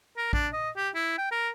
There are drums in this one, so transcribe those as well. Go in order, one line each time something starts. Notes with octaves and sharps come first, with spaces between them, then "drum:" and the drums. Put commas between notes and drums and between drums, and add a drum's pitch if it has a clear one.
A#4
D4, drum: kick A#1
D#5
G4
E4
G5
A#4